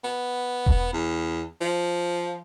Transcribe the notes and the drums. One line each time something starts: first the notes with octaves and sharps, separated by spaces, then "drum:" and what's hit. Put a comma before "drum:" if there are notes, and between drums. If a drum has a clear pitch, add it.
B3
drum: kick E1
E2
F3